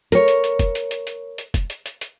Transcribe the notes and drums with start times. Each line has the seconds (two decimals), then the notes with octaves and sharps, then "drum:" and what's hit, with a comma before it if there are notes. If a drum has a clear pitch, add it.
0.12 A#4 C#5, drum: hi-hat
0.28 drum: hi-hat
0.44 drum: hi-hat
0.59 drum: kick, hi-hat
0.75 drum: hi-hat
0.91 drum: hi-hat
1.07 drum: hi-hat
1.38 drum: hi-hat
1.54 drum: kick, hi-hat
1.70 drum: hi-hat
1.86 drum: hi-hat
2.01 drum: hi-hat